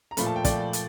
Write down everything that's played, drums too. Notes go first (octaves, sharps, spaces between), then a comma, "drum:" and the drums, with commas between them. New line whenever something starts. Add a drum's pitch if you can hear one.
A#5
A#2 F3 A3 B5, drum: hi-hat
A5
G5
A#2 F3 A3 D5, drum: kick, hi-hat
drum: hi-hat